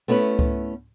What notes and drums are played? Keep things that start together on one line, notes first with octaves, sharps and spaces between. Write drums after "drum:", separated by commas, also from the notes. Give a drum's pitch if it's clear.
A3 B3 C#4 E4 B4
drum: kick C#2